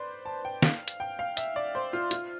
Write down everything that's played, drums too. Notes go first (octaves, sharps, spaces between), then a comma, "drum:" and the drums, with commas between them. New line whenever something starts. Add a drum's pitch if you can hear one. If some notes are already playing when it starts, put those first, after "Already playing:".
Already playing: B4 C5 D5
A5
G5
F5, drum: snare
drum: hi-hat
G5
F5
E5, drum: hi-hat
D5
C5
F4
F4, drum: hi-hat